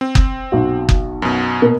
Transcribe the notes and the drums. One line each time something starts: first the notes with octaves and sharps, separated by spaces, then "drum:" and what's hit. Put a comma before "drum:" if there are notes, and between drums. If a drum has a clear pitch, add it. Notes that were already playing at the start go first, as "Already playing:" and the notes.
C4
drum: kick F#1
B1 F#4
drum: kick F#1
F#2 B2
B2 A#3 B3